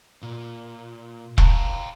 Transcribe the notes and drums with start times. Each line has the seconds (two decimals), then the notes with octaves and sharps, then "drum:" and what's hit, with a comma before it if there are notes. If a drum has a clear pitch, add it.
0.23 A#2
1.38 F5 G5 A5 A#5, drum: kick E1